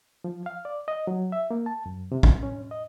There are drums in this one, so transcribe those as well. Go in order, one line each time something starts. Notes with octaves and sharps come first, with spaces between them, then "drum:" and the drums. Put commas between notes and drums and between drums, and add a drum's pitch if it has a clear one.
F3
F5
D5
D#5
F#3
E5
A#3
A5
F#2
C3
drum: kick
C#4
D#5